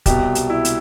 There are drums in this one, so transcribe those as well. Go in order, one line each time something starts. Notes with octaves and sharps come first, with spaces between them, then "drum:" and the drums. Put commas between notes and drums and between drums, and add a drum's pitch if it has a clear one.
C2 B2 G4, drum: kick, hi-hat
drum: hi-hat
E4
drum: hi-hat